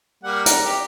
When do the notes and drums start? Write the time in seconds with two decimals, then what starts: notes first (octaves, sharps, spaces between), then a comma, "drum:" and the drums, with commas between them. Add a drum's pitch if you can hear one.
0.24 G3 A#3 F#5
0.46 A#5, drum: hi-hat
0.65 G4